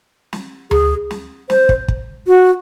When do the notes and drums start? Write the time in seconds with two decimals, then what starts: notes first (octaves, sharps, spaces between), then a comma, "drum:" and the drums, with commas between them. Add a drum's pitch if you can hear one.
0.33 drum: snare
0.71 G#4, drum: tom D2
1.11 drum: snare
1.50 C5, drum: snare
1.69 drum: kick
1.88 drum: kick
2.27 F#4